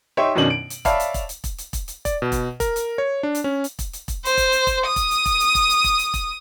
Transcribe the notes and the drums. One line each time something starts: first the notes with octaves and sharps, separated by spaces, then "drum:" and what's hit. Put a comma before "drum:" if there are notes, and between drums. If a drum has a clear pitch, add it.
D#4 G4 C#5 E5 C6
F#2 B2 D#3 C#4 D4 F#7
D7
drum: hi-hat
C#5 D5 E5 F5 A5 B5, drum: kick E1, hi-hat
drum: hi-hat
drum: kick E1, hi-hat
drum: hi-hat
drum: kick E1, hi-hat
drum: hi-hat
drum: kick E1, hi-hat
drum: hi-hat
D5, drum: kick E1, hi-hat
B2
drum: kick E1, hi-hat
A#4, drum: kick E1, hi-hat
drum: hi-hat
C#5
D4
drum: hi-hat
C#4
drum: hi-hat
drum: kick E1, hi-hat
drum: hi-hat
drum: kick E1, hi-hat
C5, drum: hi-hat
drum: kick E1, hi-hat
drum: hi-hat
drum: kick E1, hi-hat
D#6
drum: kick E1, hi-hat
drum: hi-hat
drum: kick E1, hi-hat
drum: hi-hat
drum: kick E1, hi-hat
drum: hi-hat
drum: kick E1, hi-hat
drum: hi-hat
drum: kick E1, hi-hat